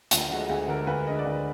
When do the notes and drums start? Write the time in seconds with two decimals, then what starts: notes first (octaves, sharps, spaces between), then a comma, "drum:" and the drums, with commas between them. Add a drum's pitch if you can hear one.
0.11 D2 F4, drum: hi-hat
0.31 D3 G#3 F#4
0.49 D2 G#4
0.68 D3 G#3 A#4
0.87 D2 B4
1.06 D3 G#3 D#5
1.19 D5
1.25 D2
1.31 B4